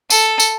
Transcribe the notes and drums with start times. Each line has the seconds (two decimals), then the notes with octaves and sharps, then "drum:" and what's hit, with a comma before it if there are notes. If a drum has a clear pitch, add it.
0.10 A4, drum: tambourine
0.40 drum: tambourine